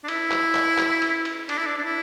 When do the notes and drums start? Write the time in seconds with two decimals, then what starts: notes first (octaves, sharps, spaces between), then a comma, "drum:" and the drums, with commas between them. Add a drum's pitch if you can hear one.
0.04 D4
0.08 E4, drum: cymbal
0.31 drum: clap
0.55 drum: clap
0.78 drum: clap
1.02 drum: cymbal
1.25 drum: cymbal
1.49 D4, drum: cymbal
1.58 E4
1.66 D4
1.78 D4
1.84 E4